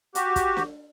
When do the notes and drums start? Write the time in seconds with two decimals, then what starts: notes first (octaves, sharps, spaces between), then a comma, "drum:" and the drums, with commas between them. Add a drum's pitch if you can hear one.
0.15 F#4 G4, drum: hi-hat
0.36 drum: kick, hi-hat
0.57 drum: snare